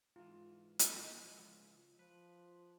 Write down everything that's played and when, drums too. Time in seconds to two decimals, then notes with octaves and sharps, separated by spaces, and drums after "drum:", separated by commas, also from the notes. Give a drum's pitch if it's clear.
0.16 G#2 E3 F4
0.79 drum: hi-hat
1.22 C#2 G#2 F3
1.99 F3 B4